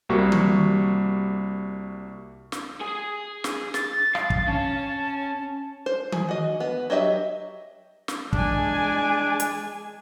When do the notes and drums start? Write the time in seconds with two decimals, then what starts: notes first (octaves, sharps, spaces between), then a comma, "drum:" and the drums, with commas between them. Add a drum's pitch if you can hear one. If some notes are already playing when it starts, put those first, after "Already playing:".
0.09 C2 G3 A#3 F#4 C#6
0.32 drum: tom D#3
2.52 drum: snare
2.81 G#4 G#5
3.44 drum: snare
3.74 A6, drum: snare
4.15 F5, drum: rim click
4.30 drum: kick
4.47 C#4 A5
5.86 C5
6.12 G#4, drum: tom D#3
6.29 F#4 D#5
6.60 B3
6.90 F#3 G4 D#5 E5
8.08 drum: snare
8.33 G#3 D4 G#5, drum: kick
9.40 drum: hi-hat